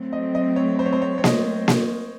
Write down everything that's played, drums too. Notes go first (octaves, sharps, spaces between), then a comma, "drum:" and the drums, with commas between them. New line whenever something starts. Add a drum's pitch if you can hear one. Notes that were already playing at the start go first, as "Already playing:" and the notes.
Already playing: F#3 A3 C4
D#5
D#5
C#5
C5
C#5
C5
C#5
C#5
D#5, drum: snare A#3
drum: snare A#3